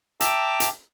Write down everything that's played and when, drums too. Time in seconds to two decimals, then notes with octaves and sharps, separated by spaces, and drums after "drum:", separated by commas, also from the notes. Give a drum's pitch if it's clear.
0.20 E5 G5 A5 A#5 D6 E6, drum: hi-hat
0.60 drum: hi-hat